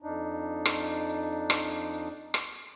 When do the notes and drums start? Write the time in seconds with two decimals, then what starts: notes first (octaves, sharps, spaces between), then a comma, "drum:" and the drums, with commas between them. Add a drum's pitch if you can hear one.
0.02 F2 D4 D#4
0.65 drum: rim click
1.50 drum: rim click
2.34 drum: rim click